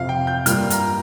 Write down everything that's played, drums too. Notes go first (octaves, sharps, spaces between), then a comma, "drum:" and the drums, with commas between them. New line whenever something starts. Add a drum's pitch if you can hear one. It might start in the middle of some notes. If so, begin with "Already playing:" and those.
Already playing: F2 C3 F3 F5
G5
G6
G2 G3 A#3 F4 F6, drum: hi-hat
A#5, drum: hi-hat